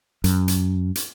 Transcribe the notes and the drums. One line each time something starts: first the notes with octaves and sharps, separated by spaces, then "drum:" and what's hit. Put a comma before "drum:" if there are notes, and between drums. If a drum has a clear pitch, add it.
F#2, drum: hi-hat
drum: hi-hat
drum: hi-hat